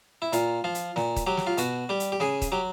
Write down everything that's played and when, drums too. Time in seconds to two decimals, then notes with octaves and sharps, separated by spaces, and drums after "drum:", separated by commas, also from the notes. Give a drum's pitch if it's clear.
0.22 E4
0.33 A#2 F4, drum: hi-hat
0.64 F3 F4
0.75 drum: hi-hat
0.96 A#2, drum: snare
1.16 drum: kick, hi-hat
1.27 F#3 G4
1.37 drum: snare
1.47 F4
1.58 B2 F#4, drum: hi-hat
1.89 G3 G4
2.00 drum: hi-hat
2.12 G4
2.20 C#3 G#4, drum: snare
2.42 drum: kick, hi-hat
2.52 F#3 G4